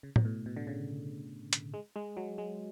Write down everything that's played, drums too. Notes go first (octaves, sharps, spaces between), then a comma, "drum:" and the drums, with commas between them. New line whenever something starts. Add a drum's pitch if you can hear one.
C#3
B2, drum: tom
A2
B2
D3
C#3
drum: hi-hat
G#3
G#3
F#3
G#3